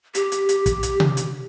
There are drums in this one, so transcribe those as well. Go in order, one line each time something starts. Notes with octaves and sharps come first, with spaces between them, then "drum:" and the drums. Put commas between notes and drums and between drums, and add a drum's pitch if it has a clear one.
G4, drum: hi-hat
drum: hi-hat
drum: hi-hat
drum: kick, hi-hat
drum: hi-hat
drum: tom C3
drum: hi-hat